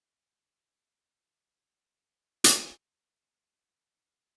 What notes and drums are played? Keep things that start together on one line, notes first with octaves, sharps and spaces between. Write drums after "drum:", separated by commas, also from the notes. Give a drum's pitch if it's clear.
C3
A3 D4 F4 G4 A4 E5
F4
A3 C#4 F4 G4 A4
drum: hi-hat
A3
B1
D3 A3